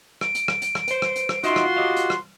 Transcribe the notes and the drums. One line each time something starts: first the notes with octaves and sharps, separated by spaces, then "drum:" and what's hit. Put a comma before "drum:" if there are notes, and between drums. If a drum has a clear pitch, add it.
D7, drum: rim click
drum: hi-hat
drum: rim click
drum: hi-hat
drum: rim click
B4 C5, drum: hi-hat
drum: rim click
drum: hi-hat
drum: rim click
D#4 F4 F#4 D#5 E5 C6, drum: hi-hat
drum: rim click
G4 D#5 F5
drum: hi-hat
drum: rim click